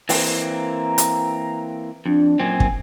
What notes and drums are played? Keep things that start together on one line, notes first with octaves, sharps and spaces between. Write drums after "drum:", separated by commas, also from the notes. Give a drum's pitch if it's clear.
E3 A#3 C4, drum: open hi-hat
A#5
drum: hi-hat
F2 D4
F#2 A#2 C4 G#5
drum: kick